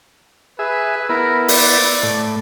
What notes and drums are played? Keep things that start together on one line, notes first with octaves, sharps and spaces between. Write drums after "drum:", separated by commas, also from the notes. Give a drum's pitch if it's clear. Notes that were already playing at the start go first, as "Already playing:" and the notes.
G#4 B4 E5
B3 E4 A#4
D5, drum: open hi-hat
A2